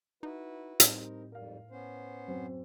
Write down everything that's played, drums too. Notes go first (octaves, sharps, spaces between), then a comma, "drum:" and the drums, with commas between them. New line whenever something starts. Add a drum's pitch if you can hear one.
D#4 E4 F#4 B4
A2 G3 C4 D#4 A#4, drum: hi-hat
F2 G#2 G3 A#4 F5
B3 C#4 C5
F#2 C4